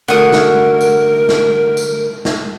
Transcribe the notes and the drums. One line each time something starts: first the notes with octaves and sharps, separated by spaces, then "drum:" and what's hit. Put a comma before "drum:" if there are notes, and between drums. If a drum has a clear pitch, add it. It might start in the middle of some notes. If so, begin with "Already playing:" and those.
D3 A3 F#4 A#4 F#5 D#6
drum: snare
drum: tambourine
drum: snare
drum: tambourine
drum: snare